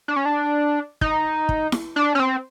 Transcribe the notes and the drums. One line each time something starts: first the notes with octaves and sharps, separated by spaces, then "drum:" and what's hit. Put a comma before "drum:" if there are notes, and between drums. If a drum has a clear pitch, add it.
D4
C#4
D4
D#4, drum: kick
drum: kick
drum: snare E4
D4
C#4
C4